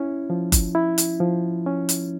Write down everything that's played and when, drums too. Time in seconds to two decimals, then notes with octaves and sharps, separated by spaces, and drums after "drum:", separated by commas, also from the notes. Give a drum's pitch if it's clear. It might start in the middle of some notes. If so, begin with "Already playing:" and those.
Already playing: C#4 E4
0.30 F3
0.52 drum: kick F#1, hi-hat
0.75 E4
0.98 drum: hi-hat
1.20 F3
1.66 C#4
1.89 drum: hi-hat